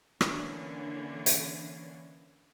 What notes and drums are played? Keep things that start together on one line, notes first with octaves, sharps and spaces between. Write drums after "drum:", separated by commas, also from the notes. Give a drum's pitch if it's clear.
D3 E3 A#3 C#4 D4, drum: rim click
drum: hi-hat